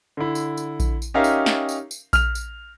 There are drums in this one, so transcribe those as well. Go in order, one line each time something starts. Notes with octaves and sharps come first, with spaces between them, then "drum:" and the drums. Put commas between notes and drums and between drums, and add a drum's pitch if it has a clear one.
D3 E4
drum: tambourine
drum: tambourine
drum: kick A#1, tambourine
drum: tambourine
C#4 D#4 G4 A#4 E5 F5
drum: tambourine
drum: snare
drum: tambourine
drum: tambourine
F6 F7, drum: kick A#1, tambourine
drum: tambourine